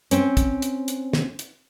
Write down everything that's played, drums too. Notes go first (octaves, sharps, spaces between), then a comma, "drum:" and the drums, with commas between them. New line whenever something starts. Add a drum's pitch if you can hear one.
C4 C#4, drum: hi-hat
drum: kick, hi-hat
drum: hi-hat
drum: hi-hat
drum: snare
drum: hi-hat